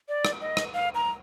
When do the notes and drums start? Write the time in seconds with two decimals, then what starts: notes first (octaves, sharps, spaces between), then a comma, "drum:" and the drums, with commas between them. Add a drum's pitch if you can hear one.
0.09 D5
0.25 drum: rim click
0.41 D#5
0.57 drum: rim click
0.74 F5
0.95 A#5